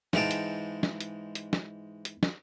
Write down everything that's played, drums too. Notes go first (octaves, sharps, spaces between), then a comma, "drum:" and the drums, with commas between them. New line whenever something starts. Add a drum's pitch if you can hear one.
G#2 E3 G#3 F5 G5 A5, drum: snare
drum: hi-hat
drum: snare
drum: hi-hat
drum: hi-hat
drum: snare
drum: hi-hat
drum: snare